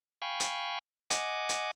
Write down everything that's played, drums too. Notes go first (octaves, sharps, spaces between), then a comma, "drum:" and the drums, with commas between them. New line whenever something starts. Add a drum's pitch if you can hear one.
F5 G5 G#5 B5 C#6
drum: hi-hat
D#5 F#5 G#5 D6, drum: hi-hat
drum: hi-hat